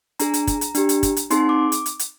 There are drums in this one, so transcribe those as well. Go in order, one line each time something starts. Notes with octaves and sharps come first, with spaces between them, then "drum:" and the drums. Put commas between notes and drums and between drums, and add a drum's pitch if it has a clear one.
D4 G#4 A#5, drum: hi-hat
drum: hi-hat
drum: kick, hi-hat
drum: hi-hat
D4 G4, drum: hi-hat
drum: hi-hat
drum: kick, hi-hat
drum: hi-hat
C4 D#4 G#4 C6, drum: hi-hat
D6
drum: hi-hat
drum: hi-hat
drum: hi-hat